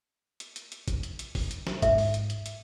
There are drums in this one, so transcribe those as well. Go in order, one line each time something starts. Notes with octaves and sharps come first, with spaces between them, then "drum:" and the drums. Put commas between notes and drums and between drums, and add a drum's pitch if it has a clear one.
drum: hi-hat
drum: hi-hat
drum: hi-hat
drum: kick G#1, hi-hat
drum: hi-hat
drum: hi-hat
drum: kick G#1, open hi-hat
drum: hi-hat
drum: snare
G#2 E5, drum: kick G#1, hi-hat
drum: open hi-hat
drum: hi-hat
drum: hi-hat
drum: hi-hat